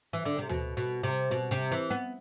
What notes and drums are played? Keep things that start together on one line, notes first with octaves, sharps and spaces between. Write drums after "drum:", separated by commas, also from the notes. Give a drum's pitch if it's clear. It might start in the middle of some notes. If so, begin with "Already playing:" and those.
E3
D3
C3
B2, drum: tom D2
B2, drum: hi-hat
C3
B2
C3
E3
B3